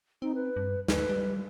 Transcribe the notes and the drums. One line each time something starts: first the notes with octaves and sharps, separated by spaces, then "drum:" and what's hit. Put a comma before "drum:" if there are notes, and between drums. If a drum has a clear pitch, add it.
C4 D#4
B4
G2
D#2 B4, drum: snare
G3